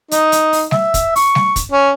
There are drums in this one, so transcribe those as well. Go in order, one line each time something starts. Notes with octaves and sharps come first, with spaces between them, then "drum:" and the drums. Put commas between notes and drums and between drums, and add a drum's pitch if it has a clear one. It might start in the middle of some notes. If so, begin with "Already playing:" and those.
D#4, drum: hi-hat
drum: hi-hat
drum: open hi-hat
E5, drum: snare G3
drum: kick, hi-hat
C#6, drum: open hi-hat
drum: snare G3
drum: kick, hi-hat
C#4